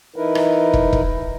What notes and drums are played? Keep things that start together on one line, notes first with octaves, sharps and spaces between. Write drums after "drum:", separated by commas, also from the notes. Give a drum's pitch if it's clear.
E3 D#4 E4 A#4 B4
drum: rim click
drum: kick
drum: kick